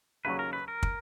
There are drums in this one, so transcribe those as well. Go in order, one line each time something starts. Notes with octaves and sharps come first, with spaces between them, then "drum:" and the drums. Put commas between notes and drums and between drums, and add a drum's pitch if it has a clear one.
D#2 C#3 F#3 C#4 B4
A#4
B4
A#4
drum: kick